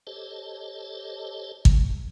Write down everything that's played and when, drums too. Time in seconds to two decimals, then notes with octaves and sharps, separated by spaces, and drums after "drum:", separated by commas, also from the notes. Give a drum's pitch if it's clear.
0.07 G4 A4 C5 C#5 D#5 A5
1.65 drum: kick